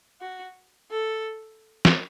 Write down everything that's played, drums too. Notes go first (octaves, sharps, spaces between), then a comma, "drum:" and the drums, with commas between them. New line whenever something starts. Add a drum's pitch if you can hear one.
F#4
A4
drum: snare